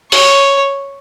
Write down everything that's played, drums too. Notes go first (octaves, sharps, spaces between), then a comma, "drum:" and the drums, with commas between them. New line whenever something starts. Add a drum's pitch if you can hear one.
C#5, drum: open hi-hat